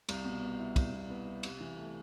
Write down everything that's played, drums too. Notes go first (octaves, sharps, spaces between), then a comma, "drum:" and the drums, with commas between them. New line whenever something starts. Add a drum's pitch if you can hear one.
C2, drum: cymbal
B2
B3
E4
C2, drum: kick, cymbal
B2
B3
E4
C3, drum: cymbal
E3
A3